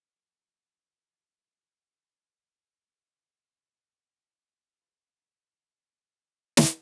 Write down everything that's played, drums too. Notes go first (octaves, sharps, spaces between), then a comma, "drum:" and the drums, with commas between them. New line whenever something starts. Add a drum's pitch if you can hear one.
F3 F#3
A2 C3
D3 B3 F4 G#4 B4 C5
drum: snare